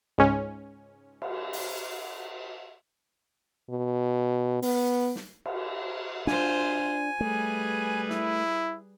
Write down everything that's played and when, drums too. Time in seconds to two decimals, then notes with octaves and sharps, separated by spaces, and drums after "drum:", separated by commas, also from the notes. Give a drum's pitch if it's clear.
0.18 C#2 G#2 C#4
1.22 drum: cymbal
1.53 drum: open hi-hat
3.70 B2
4.62 B3, drum: open hi-hat
5.16 drum: snare
5.46 drum: cymbal
6.27 D4 F4 C5 G#5, drum: snare
7.21 G3 A3 G#4 B4
8.10 E4, drum: snare